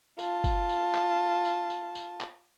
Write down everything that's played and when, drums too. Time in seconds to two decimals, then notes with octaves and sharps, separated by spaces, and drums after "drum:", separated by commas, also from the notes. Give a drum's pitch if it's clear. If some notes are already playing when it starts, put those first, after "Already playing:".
0.19 F4 A5, drum: tambourine
0.44 drum: kick F#1, tambourine
0.69 drum: tambourine
0.94 drum: clap
1.45 drum: tambourine
1.70 drum: tambourine
1.95 drum: tambourine
2.20 drum: clap